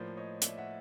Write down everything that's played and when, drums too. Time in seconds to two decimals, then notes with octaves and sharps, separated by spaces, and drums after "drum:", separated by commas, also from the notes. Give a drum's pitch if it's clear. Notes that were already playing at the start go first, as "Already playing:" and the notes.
Already playing: A2 F3 A#3 C5 D5
0.17 C#5 D#5
0.41 D5 E5, drum: hi-hat
0.57 E5 F#5